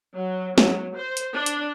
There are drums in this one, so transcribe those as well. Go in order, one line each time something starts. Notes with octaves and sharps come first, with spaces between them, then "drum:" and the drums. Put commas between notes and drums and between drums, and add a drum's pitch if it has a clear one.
F#3
F#3, drum: snare
C5
drum: hi-hat
D4
drum: hi-hat